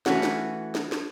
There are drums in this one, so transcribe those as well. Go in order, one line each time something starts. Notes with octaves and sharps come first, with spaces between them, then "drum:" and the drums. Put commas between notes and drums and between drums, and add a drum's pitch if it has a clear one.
E3 A3 C#4 F#4, drum: snare
drum: snare
drum: snare
drum: snare